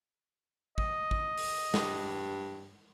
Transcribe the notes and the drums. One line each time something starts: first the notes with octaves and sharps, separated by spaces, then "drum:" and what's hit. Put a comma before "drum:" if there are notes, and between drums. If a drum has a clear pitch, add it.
D#5, drum: kick
drum: kick
drum: open hi-hat
G2, drum: snare